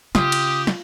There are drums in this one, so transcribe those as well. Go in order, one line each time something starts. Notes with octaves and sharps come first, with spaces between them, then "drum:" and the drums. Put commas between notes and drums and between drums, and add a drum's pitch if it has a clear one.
C#3 F4 G4 D#6, drum: snare
drum: cymbal
drum: snare